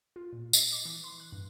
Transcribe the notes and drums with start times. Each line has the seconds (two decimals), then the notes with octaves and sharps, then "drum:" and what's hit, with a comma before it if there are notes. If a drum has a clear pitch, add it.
0.16 F4
0.33 A#2
0.53 D#5, drum: tambourine
0.72 D6
0.85 E3
1.04 C6
1.20 F#6
1.32 G2